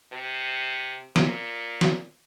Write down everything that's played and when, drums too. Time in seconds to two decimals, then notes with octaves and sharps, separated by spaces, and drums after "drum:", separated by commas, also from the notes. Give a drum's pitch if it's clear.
0.12 C3
1.16 A#2, drum: snare
1.81 drum: snare